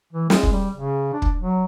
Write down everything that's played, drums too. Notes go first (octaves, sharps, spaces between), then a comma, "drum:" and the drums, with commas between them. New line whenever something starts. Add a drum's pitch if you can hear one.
E3
G#3, drum: snare
drum: kick
G3
C#3
D4
drum: kick
F#3